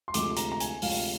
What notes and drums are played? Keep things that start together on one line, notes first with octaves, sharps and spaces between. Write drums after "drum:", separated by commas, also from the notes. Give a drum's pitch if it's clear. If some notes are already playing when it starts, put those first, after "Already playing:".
C6
D2 C3 F3 G#3 D6, drum: hi-hat
A#5, drum: hi-hat
A#5
G#5, drum: hi-hat
D2 C3 F3 G#3 F5, drum: open hi-hat